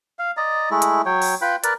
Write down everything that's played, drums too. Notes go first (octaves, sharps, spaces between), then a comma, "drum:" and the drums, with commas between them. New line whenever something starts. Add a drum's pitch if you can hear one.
F5
D5 D#5 A#5
G#3 A3 E4
drum: hi-hat
F#3 C#5 G5
drum: open hi-hat
F4 B4 G5 B5
A#4 B4 D5, drum: hi-hat